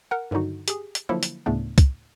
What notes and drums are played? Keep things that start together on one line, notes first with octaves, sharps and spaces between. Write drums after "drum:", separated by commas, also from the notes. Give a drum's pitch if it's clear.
A#4 F#5
G2 D3 D#3 F#3 D#4 F#4
G4 G#4, drum: hi-hat
drum: hi-hat
D3 F3 F#3 A#3 E4 A4
drum: hi-hat
D2 A2 C#3 A3 B3 D4
drum: kick, hi-hat